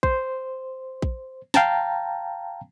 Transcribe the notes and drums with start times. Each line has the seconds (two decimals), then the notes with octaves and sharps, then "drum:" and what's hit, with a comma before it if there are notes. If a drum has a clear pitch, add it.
0.03 C5, drum: kick A#1
1.02 drum: kick A#1
1.54 F5 G5 A5 A#5, drum: snare